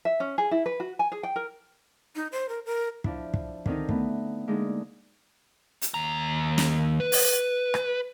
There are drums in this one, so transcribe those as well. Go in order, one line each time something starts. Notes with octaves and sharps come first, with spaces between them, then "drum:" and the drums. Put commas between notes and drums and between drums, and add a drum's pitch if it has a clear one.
E5
C#4
G#4
E4
B4
F#4
G#5
G#4
G5
A#4
D#4
C5
A#4
A#4
F3 D4 E4, drum: kick
drum: kick
D3 D#3 C4 D#4, drum: kick
A3 B3, drum: kick
D3 G#3 A#3 D4 D#4
drum: hi-hat
D#2 A#5
drum: snare
B4
drum: open hi-hat
drum: rim click